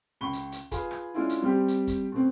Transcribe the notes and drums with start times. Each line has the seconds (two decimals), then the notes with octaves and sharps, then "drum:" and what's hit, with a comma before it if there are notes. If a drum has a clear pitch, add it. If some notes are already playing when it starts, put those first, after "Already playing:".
0.21 C#2 B5 C#6 G7
0.33 drum: hi-hat
0.52 drum: hi-hat
0.71 F4 G#4 B4 B5, drum: kick, hi-hat
0.91 drum: rim click
1.14 G#3 C#4 D4 E4 F4
1.29 drum: hi-hat
1.42 G3 C4 G4
1.68 drum: hi-hat
1.87 drum: kick, hi-hat
2.12 B2 A3 C4